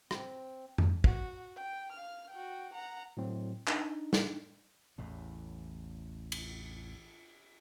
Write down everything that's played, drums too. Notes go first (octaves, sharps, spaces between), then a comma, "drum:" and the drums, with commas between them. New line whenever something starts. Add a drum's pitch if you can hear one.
C4, drum: rim click
drum: tom F2
F#4, drum: kick
G5
F5 F6
F#4 G5
F#5 A#5
A2 F#3 C4
D4 D#4, drum: clap
drum: snare
A1 E2 A2
drum: cymbal